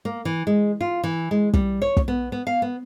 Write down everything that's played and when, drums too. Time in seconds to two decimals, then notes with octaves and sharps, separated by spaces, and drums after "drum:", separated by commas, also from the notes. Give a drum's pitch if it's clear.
0.05 A#3
0.25 E3
0.47 G#3
0.81 F4
1.04 E3
1.31 G#3
1.54 G3, drum: kick
1.82 C#5
1.97 drum: kick
2.08 B3
2.32 B3
2.47 F5
2.62 B3